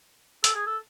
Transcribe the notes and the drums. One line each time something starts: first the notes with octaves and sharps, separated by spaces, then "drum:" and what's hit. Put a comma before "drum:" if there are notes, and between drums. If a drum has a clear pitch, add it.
A4, drum: hi-hat
G#4
A4